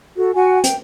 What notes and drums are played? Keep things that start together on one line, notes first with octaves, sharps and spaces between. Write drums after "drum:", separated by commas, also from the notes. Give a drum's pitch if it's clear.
F#4 A4
F#4 F#5 G#5
G5, drum: hi-hat